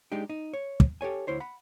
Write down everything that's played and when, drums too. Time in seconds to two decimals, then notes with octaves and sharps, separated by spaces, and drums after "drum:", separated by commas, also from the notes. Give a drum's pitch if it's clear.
0.12 G#3 D4 D#4 G4
0.30 D#4
0.54 C#5
0.80 drum: kick
1.01 G4 A4 C#5 G#5
1.27 D2 E4 C5 C#5
1.40 F#5 B5